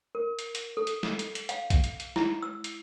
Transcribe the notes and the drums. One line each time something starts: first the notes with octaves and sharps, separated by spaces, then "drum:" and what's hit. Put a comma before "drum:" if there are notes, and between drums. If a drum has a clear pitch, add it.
A#4
drum: hi-hat
drum: hi-hat
A4
drum: hi-hat
drum: snare
drum: hi-hat
drum: hi-hat
F5, drum: hi-hat
E5, drum: kick B1, hi-hat
drum: hi-hat
drum: hi-hat
E4, drum: snare
E6
drum: hi-hat